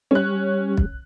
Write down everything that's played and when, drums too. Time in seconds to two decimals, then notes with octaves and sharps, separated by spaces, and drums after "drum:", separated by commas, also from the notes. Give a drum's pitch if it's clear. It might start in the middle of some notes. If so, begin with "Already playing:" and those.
0.11 G3 C#4 F#6
0.77 drum: kick